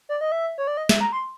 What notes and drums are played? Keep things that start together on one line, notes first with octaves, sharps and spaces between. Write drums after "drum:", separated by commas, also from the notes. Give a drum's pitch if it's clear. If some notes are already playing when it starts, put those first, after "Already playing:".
D5
D#5
E5
C#5
D5
D#5
E5, drum: snare
A#5
C6